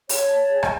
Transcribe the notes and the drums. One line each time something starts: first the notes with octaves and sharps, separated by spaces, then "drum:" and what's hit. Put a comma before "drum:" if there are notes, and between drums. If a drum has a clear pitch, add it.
C#5, drum: open hi-hat
A5
G#4
drum: rim click